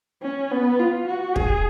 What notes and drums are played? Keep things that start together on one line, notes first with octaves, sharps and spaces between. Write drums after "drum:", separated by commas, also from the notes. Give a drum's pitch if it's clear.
C#4
B3
F4
F#4
G#4, drum: kick